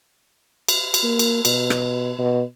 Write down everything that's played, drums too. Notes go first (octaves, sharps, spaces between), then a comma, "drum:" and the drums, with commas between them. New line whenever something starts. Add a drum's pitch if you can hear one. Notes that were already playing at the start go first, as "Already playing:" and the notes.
drum: cymbal
drum: cymbal
A#3
drum: cymbal
B2, drum: cymbal
drum: rim click
B2